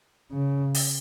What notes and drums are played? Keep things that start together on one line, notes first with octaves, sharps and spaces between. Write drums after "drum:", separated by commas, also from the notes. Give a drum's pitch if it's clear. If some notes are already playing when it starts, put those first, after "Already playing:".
C#3
drum: open hi-hat